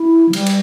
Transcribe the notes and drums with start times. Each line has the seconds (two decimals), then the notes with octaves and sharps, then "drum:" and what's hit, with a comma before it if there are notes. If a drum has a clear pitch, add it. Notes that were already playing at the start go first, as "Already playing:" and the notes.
Already playing: E4
0.29 F3
0.33 G3, drum: cymbal
0.46 drum: cymbal